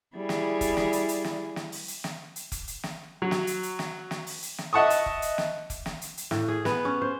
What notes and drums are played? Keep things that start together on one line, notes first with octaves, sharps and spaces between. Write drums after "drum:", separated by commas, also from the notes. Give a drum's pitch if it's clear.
G3 E4 G#4
drum: snare
drum: kick F1, hi-hat
drum: snare
drum: hi-hat
drum: hi-hat
drum: snare
drum: snare
drum: open hi-hat
drum: hi-hat
drum: snare
drum: hi-hat
drum: kick F1, hi-hat
drum: hi-hat
drum: snare
F#3
drum: snare
drum: hi-hat
drum: hi-hat
drum: snare
drum: snare
drum: open hi-hat
drum: hi-hat
drum: snare
D#5 E5 F#5 A5 C#6 D#6
drum: hi-hat
drum: kick F1
drum: hi-hat
drum: snare
drum: kick F1, hi-hat
drum: snare
drum: hi-hat
drum: hi-hat
A2, drum: snare
G#4
B3, drum: snare
C#4
C5